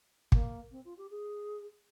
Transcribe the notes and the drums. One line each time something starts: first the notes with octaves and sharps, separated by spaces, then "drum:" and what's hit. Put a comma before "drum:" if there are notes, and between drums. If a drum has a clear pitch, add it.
A#3, drum: kick
C4
F4
G4
G#4